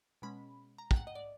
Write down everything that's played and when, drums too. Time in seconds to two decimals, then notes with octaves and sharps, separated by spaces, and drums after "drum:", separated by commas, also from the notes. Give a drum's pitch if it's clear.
0.22 B2 G#3 C#4 B5
0.78 A#5
0.91 G5, drum: kick
0.96 F#5
1.07 D#5
1.15 D5